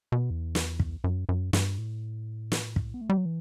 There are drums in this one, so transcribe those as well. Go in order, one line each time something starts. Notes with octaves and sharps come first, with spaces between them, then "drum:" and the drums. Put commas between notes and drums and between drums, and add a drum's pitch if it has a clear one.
B2
E2
drum: snare
drum: kick
F#2
F#2
G2, drum: snare
A2
drum: snare
drum: kick
B3
A3
G3
F#3
E3